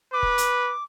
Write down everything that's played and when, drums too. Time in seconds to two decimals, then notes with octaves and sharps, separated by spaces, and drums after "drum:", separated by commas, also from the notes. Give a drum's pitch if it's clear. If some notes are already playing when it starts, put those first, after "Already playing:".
0.13 B4 D6
0.23 drum: kick
0.38 drum: hi-hat